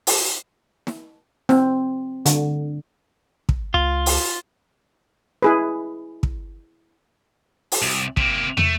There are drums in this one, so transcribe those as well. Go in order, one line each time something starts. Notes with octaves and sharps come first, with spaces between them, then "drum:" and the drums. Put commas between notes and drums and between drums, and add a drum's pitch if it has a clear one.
drum: open hi-hat
drum: snare
C4, drum: snare
D3, drum: hi-hat
drum: kick
C#2 F4
drum: open hi-hat
E4 G#4 B4
drum: kick
drum: open hi-hat
C2
C3 A#3, drum: kick
A3, drum: tom